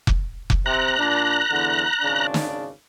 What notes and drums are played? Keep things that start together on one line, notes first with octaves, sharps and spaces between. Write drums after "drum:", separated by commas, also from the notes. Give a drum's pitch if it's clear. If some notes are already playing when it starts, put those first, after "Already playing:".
drum: kick F1
drum: kick F1
C3 A#5 F#6
A#2 D4
E2 D3
G#1 C#3 D4
drum: snare